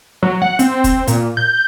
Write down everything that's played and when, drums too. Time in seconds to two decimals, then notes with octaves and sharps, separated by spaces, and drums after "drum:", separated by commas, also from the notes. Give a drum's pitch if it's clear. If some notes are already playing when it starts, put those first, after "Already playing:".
0.23 F#3
0.42 F#5
0.59 C4, drum: hi-hat
0.71 C4
0.84 drum: kick, hi-hat
1.07 A#2, drum: hi-hat
1.37 G6